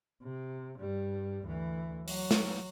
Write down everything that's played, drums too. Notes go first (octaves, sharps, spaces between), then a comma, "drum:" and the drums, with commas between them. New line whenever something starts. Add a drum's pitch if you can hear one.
C3
G2 G3
D2 E3
F#3, drum: open hi-hat
drum: snare